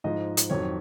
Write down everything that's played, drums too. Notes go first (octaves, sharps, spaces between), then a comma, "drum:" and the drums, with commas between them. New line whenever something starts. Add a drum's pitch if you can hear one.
G#2 F3 D#5
drum: hi-hat
F2 D#3 F#3 C#5